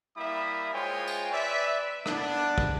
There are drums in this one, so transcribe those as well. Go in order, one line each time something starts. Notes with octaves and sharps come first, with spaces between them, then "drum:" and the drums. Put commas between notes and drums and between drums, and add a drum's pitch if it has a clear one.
G3 A#3 E4 E5 B5 D#6
G#3 F4 C5 C#5 G5 G#5
drum: tambourine
B4 D5 E5
B3 D4, drum: rim click
drum: kick